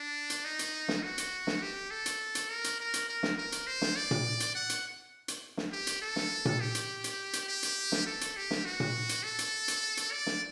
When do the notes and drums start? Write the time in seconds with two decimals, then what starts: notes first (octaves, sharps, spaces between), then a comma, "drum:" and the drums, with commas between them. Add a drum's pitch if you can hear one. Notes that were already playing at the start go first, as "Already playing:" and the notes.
Already playing: D4
0.30 drum: hi-hat
0.45 D#4
0.59 drum: hi-hat
0.88 drum: snare
1.03 F#4
1.18 drum: hi-hat
1.47 drum: snare
1.62 G4
1.91 A4
2.06 drum: hi-hat
2.35 drum: hi-hat
2.49 A#4
2.64 drum: hi-hat
2.79 A#4
2.94 drum: hi-hat
3.08 A#4
3.23 drum: snare
3.38 A#4
3.52 drum: hi-hat
3.67 C5
3.82 drum: snare
3.96 D5
4.11 drum: tom A#2
4.40 drum: hi-hat
4.55 F#5
4.69 drum: hi-hat
5.28 drum: hi-hat
5.57 drum: snare
5.72 G4
5.87 drum: hi-hat
6.02 A4
6.16 drum: snare
6.45 drum: tom A#2
6.60 G4
6.75 drum: hi-hat
7.04 drum: hi-hat
7.33 drum: hi-hat
7.48 G4
7.63 drum: hi-hat
7.92 drum: snare
8.06 A4
8.21 drum: hi-hat
8.36 G4
8.51 drum: snare
8.65 F#4
8.80 drum: tom A#2
9.09 drum: hi-hat
9.23 A4
9.39 drum: hi-hat
9.68 drum: hi-hat
9.97 drum: hi-hat
10.12 D5
10.26 drum: snare